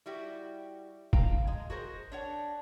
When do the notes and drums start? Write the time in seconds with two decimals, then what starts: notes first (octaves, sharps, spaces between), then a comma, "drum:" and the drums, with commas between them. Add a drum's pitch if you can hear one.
0.06 G3 E4 F#4 G4
1.13 F5 G5 A#5, drum: kick
1.47 G#3
1.70 F#4 G#4 A#4 C5
2.12 D4 C#5 F#5